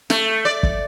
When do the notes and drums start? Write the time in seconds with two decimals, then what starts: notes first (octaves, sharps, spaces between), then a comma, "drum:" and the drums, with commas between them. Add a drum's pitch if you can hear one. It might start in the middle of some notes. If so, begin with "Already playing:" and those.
0.10 A3, drum: snare
0.45 D5
0.63 drum: kick